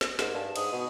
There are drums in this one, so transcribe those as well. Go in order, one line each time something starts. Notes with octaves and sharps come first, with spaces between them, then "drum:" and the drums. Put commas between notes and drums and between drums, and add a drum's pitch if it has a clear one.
drum: snare
G#2 A#4, drum: snare
G2 A5
G#2 D#6, drum: cymbal
B2